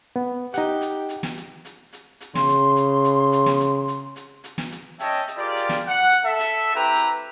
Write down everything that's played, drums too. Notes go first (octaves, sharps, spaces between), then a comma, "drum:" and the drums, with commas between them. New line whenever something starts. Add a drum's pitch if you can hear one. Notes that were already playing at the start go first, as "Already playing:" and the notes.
B3
D#4 G4 F#5, drum: hi-hat
drum: hi-hat
drum: hi-hat
drum: snare
drum: hi-hat
drum: hi-hat
drum: hi-hat
drum: hi-hat
C#3 C6, drum: snare
drum: hi-hat
drum: hi-hat
drum: hi-hat
drum: hi-hat
drum: snare
drum: hi-hat
drum: hi-hat
drum: hi-hat
drum: hi-hat
drum: snare
drum: hi-hat
C#4 C#5 D#5 E5 G5 A5, drum: hi-hat
drum: hi-hat
F4 G4 G#4 A#4 D5
drum: hi-hat
drum: snare
F#5
drum: hi-hat
A4 E5
drum: hi-hat
C4 E4 G4 B4 G5 A#5
drum: hi-hat